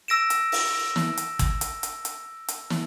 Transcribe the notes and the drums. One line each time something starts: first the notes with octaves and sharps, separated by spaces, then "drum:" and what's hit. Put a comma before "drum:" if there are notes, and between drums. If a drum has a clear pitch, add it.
E6 A#6 D7 E7
drum: hi-hat
drum: open hi-hat
drum: snare
drum: hi-hat
drum: kick, hi-hat
drum: hi-hat
drum: hi-hat
drum: hi-hat
drum: hi-hat
drum: snare